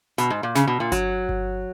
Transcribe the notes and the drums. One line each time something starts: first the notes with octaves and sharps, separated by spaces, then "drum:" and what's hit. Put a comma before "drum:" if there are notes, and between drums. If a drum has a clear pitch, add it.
B2, drum: hi-hat
G#2
A#2
C#3, drum: snare
B2
A#2
F#3, drum: kick G1, hi-hat
drum: kick G1